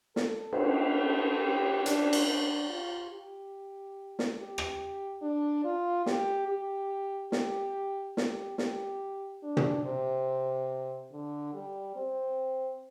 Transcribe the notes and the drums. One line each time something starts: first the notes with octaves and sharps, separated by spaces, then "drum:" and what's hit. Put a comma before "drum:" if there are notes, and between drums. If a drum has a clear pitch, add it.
A4, drum: snare
drum: cymbal
A4
G4
D4, drum: hi-hat
drum: cymbal
D4
F4
G4
drum: snare
G4
drum: rim click
D4
F4
G4, drum: snare
G4
G4, drum: snare
G4, drum: snare
G4, drum: snare
D4
drum: tom
C3
D3
G3
C4